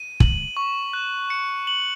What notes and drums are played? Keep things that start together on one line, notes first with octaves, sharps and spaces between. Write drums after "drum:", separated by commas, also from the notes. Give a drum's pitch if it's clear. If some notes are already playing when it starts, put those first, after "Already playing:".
Already playing: D#7
F#7, drum: kick
C#6
F#6
C#7
F#7